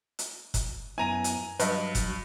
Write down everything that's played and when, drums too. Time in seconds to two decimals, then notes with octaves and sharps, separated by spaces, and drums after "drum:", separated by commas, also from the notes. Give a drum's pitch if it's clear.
0.19 drum: hi-hat
0.54 drum: kick F#1, hi-hat
0.98 F#2 B3 E4 G#5 A#5 D#7
1.24 drum: hi-hat
1.59 G2 F#3 B4 D#5, drum: hi-hat
1.95 drum: kick F#1, hi-hat